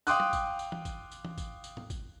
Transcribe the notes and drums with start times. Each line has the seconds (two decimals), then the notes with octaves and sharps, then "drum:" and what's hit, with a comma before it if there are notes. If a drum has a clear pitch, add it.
0.07 F5 G5 C6 D6 D#6 F#6, drum: tambourine
0.20 drum: tom
0.33 drum: kick G#1, tambourine
0.59 drum: tambourine
0.72 drum: tom E3
0.85 drum: kick G#1, tambourine
1.11 drum: tambourine
1.25 drum: tom E3
1.38 drum: kick G#1, tambourine
1.64 drum: tambourine
1.77 drum: tom
1.90 drum: kick G#1, tambourine